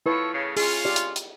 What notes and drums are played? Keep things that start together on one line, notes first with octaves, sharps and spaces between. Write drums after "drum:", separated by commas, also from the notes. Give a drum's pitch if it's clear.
F3 E4 A4 B4 C#5
A2 C#3
C#4 F4 G#4, drum: open hi-hat
G4 D5
drum: hi-hat
drum: hi-hat